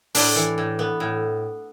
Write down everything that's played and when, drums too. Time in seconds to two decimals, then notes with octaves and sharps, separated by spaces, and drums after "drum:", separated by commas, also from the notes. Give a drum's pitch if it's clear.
0.15 A2 D4, drum: open hi-hat
0.36 E3
0.58 A2
0.79 B3
1.00 A2